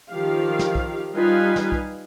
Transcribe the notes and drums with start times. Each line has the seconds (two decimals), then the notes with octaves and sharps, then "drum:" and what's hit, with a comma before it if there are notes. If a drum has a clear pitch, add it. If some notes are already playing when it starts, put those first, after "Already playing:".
0.11 D#3 F3 G4 F5
0.59 drum: snare
0.75 drum: kick
1.13 G3 D#4 F4 B4 F5 G#5
1.56 drum: snare
1.72 drum: kick